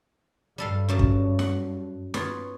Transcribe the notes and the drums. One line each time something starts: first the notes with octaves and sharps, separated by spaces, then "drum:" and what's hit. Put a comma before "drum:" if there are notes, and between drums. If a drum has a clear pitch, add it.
G2 G3 A4 F5
F#2 F#3 A5
drum: kick
F#5, drum: snare
B3 F4 C#5, drum: snare